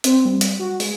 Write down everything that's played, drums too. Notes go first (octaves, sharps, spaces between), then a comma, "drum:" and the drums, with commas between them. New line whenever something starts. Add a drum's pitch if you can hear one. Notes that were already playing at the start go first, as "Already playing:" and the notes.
C4, drum: hi-hat
G3
drum: hi-hat
F#4
G#3, drum: open hi-hat